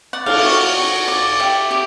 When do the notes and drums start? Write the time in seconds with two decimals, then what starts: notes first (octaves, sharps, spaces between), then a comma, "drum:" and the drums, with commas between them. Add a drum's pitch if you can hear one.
0.13 D5 F#5
0.26 F5, drum: cymbal
0.39 E5
0.45 F#4
0.53 F5
0.77 F#4
1.08 D5
1.40 G4 E5
1.71 G4